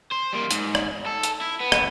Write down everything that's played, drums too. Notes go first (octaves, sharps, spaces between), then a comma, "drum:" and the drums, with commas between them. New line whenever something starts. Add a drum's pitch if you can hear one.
C5
G3 A#3
G#2, drum: hi-hat
drum: rim click
A4
drum: hi-hat
E4
B3
drum: rim click